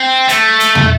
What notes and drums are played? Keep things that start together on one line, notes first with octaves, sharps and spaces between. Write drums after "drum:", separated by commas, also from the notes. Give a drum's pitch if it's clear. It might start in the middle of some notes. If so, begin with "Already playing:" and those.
Already playing: C4
A3, drum: hi-hat
drum: hi-hat
drum: tom